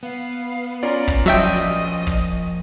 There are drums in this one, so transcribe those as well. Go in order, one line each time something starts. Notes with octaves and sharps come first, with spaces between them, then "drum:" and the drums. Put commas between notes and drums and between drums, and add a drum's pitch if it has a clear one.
B3 F5
drum: hi-hat
drum: hi-hat
C#4 F4 A#4 D5, drum: hi-hat
drum: kick, open hi-hat
F3 F#3 A#4 D#5 E5 G5 A5
drum: hi-hat
drum: hi-hat
drum: kick, open hi-hat
drum: hi-hat